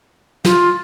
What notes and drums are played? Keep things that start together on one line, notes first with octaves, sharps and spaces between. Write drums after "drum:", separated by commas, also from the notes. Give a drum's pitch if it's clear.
F4, drum: snare